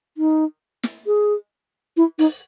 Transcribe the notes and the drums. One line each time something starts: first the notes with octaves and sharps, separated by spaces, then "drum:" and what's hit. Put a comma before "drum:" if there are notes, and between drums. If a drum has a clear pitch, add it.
D#4
drum: snare
G#4
E4
D#4, drum: open hi-hat